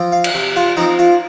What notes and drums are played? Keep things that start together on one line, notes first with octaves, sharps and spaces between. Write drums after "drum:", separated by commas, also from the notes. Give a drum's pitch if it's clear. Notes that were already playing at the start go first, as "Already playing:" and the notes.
Already playing: F3 C4
F5
drum: cymbal
C3
F4
F3 C4 D#4
F4